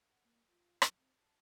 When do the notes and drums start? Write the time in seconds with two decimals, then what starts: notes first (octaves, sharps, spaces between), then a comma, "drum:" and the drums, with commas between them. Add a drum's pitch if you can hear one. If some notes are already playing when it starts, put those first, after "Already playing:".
0.09 F#5
0.25 A#3
0.48 F4
0.82 F#3, drum: rim click
0.97 C4
1.18 A5